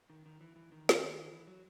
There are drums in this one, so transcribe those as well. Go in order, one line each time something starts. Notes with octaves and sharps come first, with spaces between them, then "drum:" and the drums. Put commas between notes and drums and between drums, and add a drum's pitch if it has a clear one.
D#3
D#3
E3
E3
D#3
drum: snare
E3
F#3